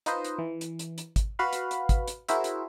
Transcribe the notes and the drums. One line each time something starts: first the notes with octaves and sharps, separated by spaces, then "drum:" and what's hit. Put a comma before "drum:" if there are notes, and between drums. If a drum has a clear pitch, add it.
D#4 F4 B4 C5 D#5, drum: hi-hat
drum: hi-hat
E3
drum: hi-hat
drum: hi-hat
drum: hi-hat
drum: kick G#1, hi-hat
F#4 B4 F5 B5
drum: hi-hat
drum: hi-hat
drum: kick G#1, hi-hat
drum: hi-hat
E4 F#4 G#4 A#4 C5 E5, drum: hi-hat
drum: hi-hat